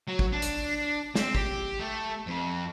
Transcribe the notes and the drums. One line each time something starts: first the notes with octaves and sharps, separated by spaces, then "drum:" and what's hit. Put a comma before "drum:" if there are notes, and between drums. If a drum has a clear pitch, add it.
F#3
drum: kick
D4
drum: hi-hat
C4, drum: snare
G4, drum: kick
A3
F2